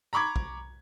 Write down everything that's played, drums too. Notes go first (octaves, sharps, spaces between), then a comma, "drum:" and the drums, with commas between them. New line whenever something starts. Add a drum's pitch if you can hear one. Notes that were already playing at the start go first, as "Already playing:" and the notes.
A#5 B5 C#6 D6 G#6
drum: kick